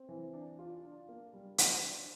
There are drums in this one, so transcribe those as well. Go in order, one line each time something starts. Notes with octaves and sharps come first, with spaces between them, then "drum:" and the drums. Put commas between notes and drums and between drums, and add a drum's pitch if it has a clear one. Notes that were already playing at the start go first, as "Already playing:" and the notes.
Already playing: C4
E3
D4
F4
D4
A#3
G3
C5, drum: hi-hat
D4